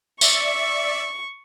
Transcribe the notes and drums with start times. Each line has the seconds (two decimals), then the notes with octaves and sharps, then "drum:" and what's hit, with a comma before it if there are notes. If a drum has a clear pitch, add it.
0.21 D5 E5 C#6, drum: tambourine